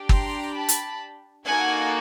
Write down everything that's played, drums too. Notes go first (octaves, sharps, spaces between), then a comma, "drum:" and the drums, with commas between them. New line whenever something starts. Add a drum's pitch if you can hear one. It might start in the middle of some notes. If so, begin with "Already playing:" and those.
Already playing: D4 G4
A#5 C6, drum: kick G1
A5 B5
drum: hi-hat
A#3 D#4 F#4 A4 F#5 G#5